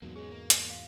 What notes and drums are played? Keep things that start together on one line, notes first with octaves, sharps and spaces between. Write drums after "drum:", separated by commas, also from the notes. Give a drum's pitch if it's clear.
E2 G#2 B2 F#3 A#3
G#3 C#4 G#4
A#3
drum: hi-hat
F5